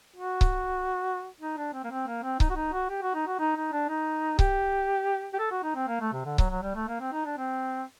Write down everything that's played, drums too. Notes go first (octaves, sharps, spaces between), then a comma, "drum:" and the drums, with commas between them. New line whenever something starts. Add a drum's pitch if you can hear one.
F#4
drum: kick C#1
D#4
D4
C4
A#3
C4
A#3
C4
D#4, drum: kick C#1
F#4
D#4
F#4
G4
F#4
D#4
F#4
D#4
D#4
D4
D#4
G4, drum: kick C#1
G4
A4
F#4
D#4
C4
A#3
A3
C3
D3
F#3, drum: kick C#1
F#3
G3
A3
A#3
C4
D#4
D4
C4